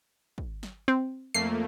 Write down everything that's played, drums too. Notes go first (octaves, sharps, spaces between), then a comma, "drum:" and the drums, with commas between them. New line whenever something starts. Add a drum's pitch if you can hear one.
drum: kick
drum: snare
C4
F2 A3 A#3 C7